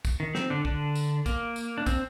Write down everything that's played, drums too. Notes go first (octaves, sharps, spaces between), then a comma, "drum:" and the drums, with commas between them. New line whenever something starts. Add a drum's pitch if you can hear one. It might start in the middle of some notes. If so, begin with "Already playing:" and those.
drum: kick, tambourine
D#3
C4, drum: snare
D3 D4
D3 D4, drum: kick
drum: tambourine
A#3, drum: kick, tambourine
drum: tambourine
D4
C4, drum: kick, tambourine